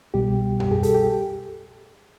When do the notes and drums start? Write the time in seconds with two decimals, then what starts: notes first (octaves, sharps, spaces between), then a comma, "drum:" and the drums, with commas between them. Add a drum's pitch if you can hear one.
0.14 C2 B2 G3 G4
0.60 G4, drum: tom F#2
0.71 G#4
0.83 G4 A4, drum: hi-hat
0.94 G4